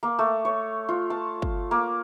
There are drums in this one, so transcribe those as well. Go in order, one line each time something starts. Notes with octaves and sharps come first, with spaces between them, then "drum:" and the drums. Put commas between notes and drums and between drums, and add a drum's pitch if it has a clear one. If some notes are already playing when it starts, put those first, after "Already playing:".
A#3
A3
C#5
F4
A5
drum: kick
A#3